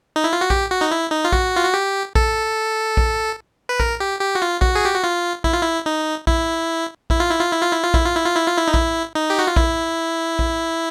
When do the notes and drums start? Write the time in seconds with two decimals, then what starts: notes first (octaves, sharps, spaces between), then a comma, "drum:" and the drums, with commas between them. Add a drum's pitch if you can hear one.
0.16 D#4
0.24 E4
0.33 F4
0.41 F#4
0.50 G4, drum: kick A#1
0.71 F#4
0.81 D#4
0.91 E4
1.11 D#4
1.25 F4
1.32 F#4, drum: kick A#1
1.56 F4
1.65 F#4
1.74 G4
2.15 A4, drum: kick A#1
2.97 drum: kick A#1
3.69 B4
3.80 A#4, drum: kick A#1
4.00 G4
4.21 G4
4.35 F#4
4.42 F4
4.62 F#4, drum: kick A#1
4.75 G#4
4.85 G4
4.94 F#4
5.04 F4
5.44 E4, drum: kick A#1
5.53 F4
5.62 E4
5.86 D#4
6.27 E4, drum: kick A#1
7.10 E4, drum: kick A#1
7.20 F4
7.31 E4
7.41 F4
7.52 E4
7.62 F4
7.73 E4
7.84 F4
7.94 E4, drum: kick A#1
8.05 F4
8.15 E4
8.26 F4
8.36 E4
8.47 F4
8.58 E4
8.68 D#4
8.74 E4, drum: kick A#1
9.15 D#4
9.30 G4
9.39 F#4
9.47 F4
9.56 E4, drum: kick A#1
10.39 drum: kick A#1